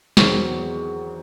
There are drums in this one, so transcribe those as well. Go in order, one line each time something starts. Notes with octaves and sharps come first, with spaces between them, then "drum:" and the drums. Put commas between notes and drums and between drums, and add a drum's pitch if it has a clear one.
E2 D#3 F#3 C4 C#6, drum: snare